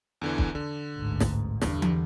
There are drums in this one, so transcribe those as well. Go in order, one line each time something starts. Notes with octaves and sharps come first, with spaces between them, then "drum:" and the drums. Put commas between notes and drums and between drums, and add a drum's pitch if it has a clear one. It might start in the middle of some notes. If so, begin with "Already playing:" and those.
E2 D3 E3
drum: kick
D3
A1 D2 G#2
drum: snare
E2 G2 D3 G3, drum: snare
drum: tom E3